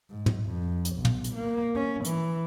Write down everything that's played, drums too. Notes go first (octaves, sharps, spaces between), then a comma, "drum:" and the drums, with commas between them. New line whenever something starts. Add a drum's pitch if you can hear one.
G#2
drum: tom
F2
drum: hi-hat
B1
drum: tom
drum: hi-hat
A#3
C#4
E3, drum: hi-hat